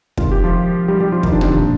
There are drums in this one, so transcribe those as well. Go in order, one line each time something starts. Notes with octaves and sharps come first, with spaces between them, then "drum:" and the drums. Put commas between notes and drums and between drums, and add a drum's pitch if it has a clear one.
C3 D#3 G#3 F4, drum: kick
G4
F3 F4
G3 G4
G3 G4
F3 F4
D#3 D#4, drum: kick
D4
C4, drum: tom
D4
A#2